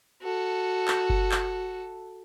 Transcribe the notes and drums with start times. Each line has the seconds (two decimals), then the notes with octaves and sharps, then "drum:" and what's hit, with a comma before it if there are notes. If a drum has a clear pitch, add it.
0.22 F#4 A4
0.88 drum: clap
1.10 drum: kick F#1
1.32 drum: clap